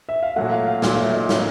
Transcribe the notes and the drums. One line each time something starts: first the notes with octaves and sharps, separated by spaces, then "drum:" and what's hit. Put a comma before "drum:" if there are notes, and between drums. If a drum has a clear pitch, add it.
E5
F5
A#2 F#3 A3 F#5
F5
F5
A#2 F#3 A3 F5, drum: snare
E5
D#5
A2 F#3 A#3 F5, drum: snare